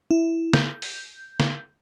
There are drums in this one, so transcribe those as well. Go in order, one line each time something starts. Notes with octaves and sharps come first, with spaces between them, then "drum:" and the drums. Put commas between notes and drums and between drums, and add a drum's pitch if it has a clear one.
E4
G6, drum: snare
drum: open hi-hat
drum: snare